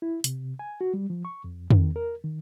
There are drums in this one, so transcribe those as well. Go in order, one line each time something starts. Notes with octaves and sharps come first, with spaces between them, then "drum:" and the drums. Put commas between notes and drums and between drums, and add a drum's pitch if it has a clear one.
E4
C3, drum: hi-hat
G#5
F#4
G3
F3
C#6
F2
D#3, drum: tom
A#4
D#3